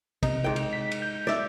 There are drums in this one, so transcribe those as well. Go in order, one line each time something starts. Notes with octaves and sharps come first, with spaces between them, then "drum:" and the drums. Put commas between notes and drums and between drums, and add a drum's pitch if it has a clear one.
C3 D#4, drum: kick, cymbal
G#2 G5
drum: cymbal
B6
drum: cymbal
G6
D5 E5, drum: snare